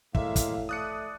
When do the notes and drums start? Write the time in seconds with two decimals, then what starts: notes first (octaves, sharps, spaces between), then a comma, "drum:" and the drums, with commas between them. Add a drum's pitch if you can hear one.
0.15 A2 G#3 A#3 E5 F5, drum: kick
0.36 drum: kick, hi-hat
0.69 A3 D5 D#6 F#6 C#7